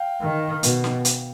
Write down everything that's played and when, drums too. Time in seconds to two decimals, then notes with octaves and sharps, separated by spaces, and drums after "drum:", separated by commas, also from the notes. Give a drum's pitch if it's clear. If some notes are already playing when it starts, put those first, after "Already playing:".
Already playing: F5 G5
0.21 D#3
0.63 B2, drum: hi-hat
0.84 drum: snare
1.05 drum: hi-hat